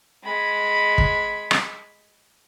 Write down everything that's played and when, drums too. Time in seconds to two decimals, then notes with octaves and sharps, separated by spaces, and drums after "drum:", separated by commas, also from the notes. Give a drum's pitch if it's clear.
0.24 G#3 B5
0.98 drum: kick
1.51 drum: rim click